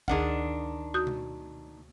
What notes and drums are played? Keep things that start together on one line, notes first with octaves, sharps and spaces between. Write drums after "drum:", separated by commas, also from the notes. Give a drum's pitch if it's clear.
D2 D#3 D4 G#4 F#5, drum: kick A1
F#4 D#6 G6
drum: tom B2